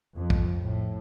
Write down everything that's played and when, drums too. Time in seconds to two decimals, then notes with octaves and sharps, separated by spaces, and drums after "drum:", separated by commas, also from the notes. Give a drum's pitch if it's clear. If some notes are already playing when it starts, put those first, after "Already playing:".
0.16 F2
0.30 drum: kick
0.64 A2